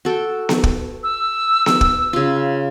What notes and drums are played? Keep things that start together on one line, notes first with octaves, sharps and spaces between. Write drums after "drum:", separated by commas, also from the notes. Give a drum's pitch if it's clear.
F#4 A4 G5
drum: snare B3
drum: kick
E6
drum: snare B3
drum: kick
C#3 F4